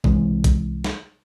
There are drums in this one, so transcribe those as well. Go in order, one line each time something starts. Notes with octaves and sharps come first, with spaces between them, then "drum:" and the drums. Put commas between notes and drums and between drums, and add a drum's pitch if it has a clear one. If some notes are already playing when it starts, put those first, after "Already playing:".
C2 C3 E3 G#3, drum: kick
drum: kick, hi-hat
drum: snare